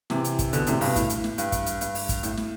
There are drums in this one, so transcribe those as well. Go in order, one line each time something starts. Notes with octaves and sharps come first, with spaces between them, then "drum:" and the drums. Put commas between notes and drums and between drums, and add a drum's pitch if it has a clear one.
C3 E3, drum: snare
drum: hi-hat
drum: kick, hi-hat
B2 D3, drum: hi-hat
A2 C3, drum: hi-hat
G2 B2, drum: open hi-hat
A2, drum: kick, hi-hat
drum: hi-hat
drum: snare
G2, drum: hi-hat
drum: kick, hi-hat
drum: hi-hat
G2, drum: hi-hat
drum: open hi-hat
drum: kick, hi-hat
A2, drum: hi-hat
drum: snare